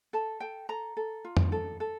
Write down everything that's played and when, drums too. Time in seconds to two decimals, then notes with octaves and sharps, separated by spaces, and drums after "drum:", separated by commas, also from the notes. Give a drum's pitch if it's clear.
0.13 A4 A5
0.40 A4 G5
0.69 A4 A#5
0.97 A4
1.25 F4
1.37 drum: tom
1.52 A4
1.80 A4